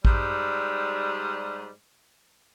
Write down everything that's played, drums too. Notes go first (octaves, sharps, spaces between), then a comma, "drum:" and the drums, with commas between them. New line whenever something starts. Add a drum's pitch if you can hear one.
G#2 G3, drum: kick A1